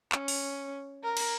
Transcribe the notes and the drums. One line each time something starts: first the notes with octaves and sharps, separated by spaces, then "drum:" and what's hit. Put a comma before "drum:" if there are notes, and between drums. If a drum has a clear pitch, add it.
C#4, drum: clap
drum: open hi-hat
A#4
drum: cymbal